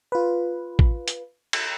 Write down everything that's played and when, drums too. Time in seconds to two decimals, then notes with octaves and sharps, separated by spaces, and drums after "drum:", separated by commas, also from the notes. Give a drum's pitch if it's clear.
0.12 F4 B4
0.79 drum: kick A1
1.08 drum: hi-hat
1.53 drum: cymbal